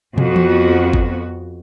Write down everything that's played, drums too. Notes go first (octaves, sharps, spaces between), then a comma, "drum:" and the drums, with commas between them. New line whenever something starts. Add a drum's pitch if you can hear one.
F2 B3 F#4, drum: tom
drum: tom E3
drum: kick G1